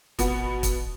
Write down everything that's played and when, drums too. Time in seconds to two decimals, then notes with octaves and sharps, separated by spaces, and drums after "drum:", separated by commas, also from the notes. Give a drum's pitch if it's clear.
0.19 G#1 B2 B3 F#4, drum: kick, hi-hat
0.63 drum: kick, hi-hat